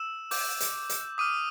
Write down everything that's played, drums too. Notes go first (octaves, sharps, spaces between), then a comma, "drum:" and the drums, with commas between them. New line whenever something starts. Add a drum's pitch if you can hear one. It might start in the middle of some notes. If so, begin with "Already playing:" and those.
Already playing: E6 E7
D6 G6, drum: open hi-hat
drum: hi-hat
drum: hi-hat
D6 D#6 F6 D#7